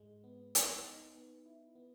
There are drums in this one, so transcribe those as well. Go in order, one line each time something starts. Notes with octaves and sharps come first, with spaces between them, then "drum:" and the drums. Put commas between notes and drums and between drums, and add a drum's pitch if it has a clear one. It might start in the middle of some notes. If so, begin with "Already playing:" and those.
Already playing: G#2 G#3
B3
B3, drum: hi-hat
D#4
B3
E4
B3